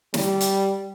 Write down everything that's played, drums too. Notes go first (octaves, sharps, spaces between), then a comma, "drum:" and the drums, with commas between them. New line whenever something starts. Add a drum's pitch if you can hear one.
G3, drum: snare
drum: hi-hat